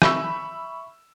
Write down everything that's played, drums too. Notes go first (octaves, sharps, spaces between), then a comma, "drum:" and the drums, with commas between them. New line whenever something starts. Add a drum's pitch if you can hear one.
E5 B5 C#6 E6, drum: rim click